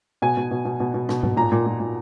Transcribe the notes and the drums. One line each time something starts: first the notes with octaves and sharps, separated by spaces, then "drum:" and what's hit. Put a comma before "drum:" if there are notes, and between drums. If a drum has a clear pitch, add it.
B2 G#5
B2
B2
B2
B2
B2
B2, drum: rim click
B2, drum: tom G#2
A#2 A#5
A#2
A#2
A#2